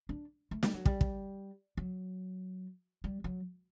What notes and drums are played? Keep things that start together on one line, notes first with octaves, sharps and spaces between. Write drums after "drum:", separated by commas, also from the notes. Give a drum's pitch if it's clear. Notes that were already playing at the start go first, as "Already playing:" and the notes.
D4
A3
G3, drum: snare
F#3
G3, drum: kick
drum: kick
F#3
G3
F#3